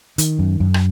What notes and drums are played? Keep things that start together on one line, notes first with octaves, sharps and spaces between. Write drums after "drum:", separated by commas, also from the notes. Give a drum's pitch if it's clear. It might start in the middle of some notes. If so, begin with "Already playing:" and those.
D#3, drum: hi-hat
F#2
F#2
drum: rim click